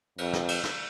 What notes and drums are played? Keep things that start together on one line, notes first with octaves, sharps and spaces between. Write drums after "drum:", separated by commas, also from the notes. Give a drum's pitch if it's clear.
F2, drum: cymbal
drum: snare
drum: cymbal
drum: snare